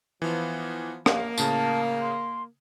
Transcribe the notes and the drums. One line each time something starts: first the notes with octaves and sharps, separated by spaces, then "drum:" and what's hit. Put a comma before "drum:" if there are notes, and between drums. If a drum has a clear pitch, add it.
E3 F3 B3
A#3 F5, drum: rim click
A2 C#3 G#4 A5, drum: tambourine
C6